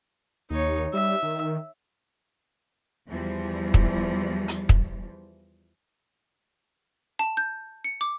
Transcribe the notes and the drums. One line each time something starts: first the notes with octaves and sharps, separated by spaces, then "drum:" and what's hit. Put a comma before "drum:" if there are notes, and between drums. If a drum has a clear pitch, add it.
D#2 D#4 C#5
G3 E5
D#3
E2 E3 F3 G3
drum: kick
drum: hi-hat
drum: kick
A5
G6
C#7
D6